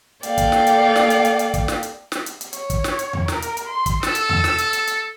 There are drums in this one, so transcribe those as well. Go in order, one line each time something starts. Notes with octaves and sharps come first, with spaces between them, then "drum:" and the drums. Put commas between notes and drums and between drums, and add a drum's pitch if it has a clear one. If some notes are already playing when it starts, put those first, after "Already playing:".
A#3 A4 D5 F5 G5, drum: hi-hat
drum: kick, hi-hat
drum: snare
drum: hi-hat
drum: snare
drum: hi-hat
drum: hi-hat
drum: hi-hat
drum: kick, hi-hat
drum: snare
drum: hi-hat
drum: snare
drum: hi-hat
drum: hi-hat
C#5, drum: hi-hat
drum: kick, hi-hat
drum: snare
drum: hi-hat
drum: tom E2
A#4, drum: snare
drum: hi-hat
drum: hi-hat
C6
drum: kick, hi-hat
A4 E6, drum: snare
drum: hi-hat
drum: tom E2
drum: snare
drum: hi-hat
drum: hi-hat
drum: hi-hat